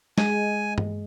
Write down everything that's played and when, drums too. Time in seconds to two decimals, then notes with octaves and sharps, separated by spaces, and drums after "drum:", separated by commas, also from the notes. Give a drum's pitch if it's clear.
0.18 G#3 G#5, drum: snare
0.78 drum: tom G2